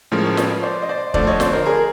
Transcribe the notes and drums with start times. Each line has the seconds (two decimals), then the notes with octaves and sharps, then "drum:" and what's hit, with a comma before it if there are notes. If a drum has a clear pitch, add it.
0.12 A2 F3 G#3 C#4 A#4 C5
0.37 B4 C#5, drum: snare
0.63 C5 D5
0.82 D#5
0.89 C5 D5
1.14 D3 F3 A3 C5 D5, drum: kick
1.27 C#5 D#5
1.40 C5 D5, drum: snare
1.53 A#4 C5
1.66 G#4 A#4